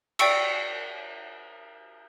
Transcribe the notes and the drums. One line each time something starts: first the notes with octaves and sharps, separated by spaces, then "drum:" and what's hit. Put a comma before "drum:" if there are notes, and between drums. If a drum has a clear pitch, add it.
D5 G5 C#6 E6, drum: cymbal